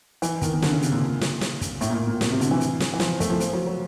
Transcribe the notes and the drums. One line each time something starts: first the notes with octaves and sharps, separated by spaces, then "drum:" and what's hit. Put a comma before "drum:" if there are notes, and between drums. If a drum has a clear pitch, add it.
E3, drum: hi-hat
D#3, drum: kick, hi-hat
D#3
D3, drum: snare
C#3
C3, drum: hi-hat
A#2
drum: snare
drum: snare
drum: kick, hi-hat
A2, drum: hi-hat
A#2
A2
A#2
B2, drum: snare
C3
D3, drum: hi-hat
E3
drum: hi-hat
drum: snare
E3
F3, drum: snare
A3, drum: kick, hi-hat
F3
F3, drum: hi-hat
F#3
F#3